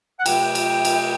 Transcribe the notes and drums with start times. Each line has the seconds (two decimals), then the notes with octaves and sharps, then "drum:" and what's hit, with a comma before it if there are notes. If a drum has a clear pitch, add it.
0.20 F#5
0.26 C3 F#3 A3 G5, drum: cymbal
0.55 drum: cymbal
0.85 drum: cymbal